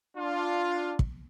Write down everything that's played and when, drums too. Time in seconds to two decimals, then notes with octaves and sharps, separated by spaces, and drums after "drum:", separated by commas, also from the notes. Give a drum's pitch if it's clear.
0.17 D4 F4
0.99 drum: kick